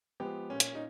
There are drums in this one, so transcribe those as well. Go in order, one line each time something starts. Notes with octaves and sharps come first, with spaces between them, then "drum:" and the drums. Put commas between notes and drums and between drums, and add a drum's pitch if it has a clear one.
F3 G#3 B3 G4
A#2 C#4
drum: hi-hat
D#4